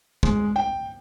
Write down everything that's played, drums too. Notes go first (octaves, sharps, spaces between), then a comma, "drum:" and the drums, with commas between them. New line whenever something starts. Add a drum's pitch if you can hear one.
G#3, drum: kick
G5